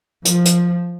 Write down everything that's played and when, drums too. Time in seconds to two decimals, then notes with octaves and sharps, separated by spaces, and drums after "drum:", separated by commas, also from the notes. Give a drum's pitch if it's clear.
0.25 F3, drum: hi-hat
0.45 drum: hi-hat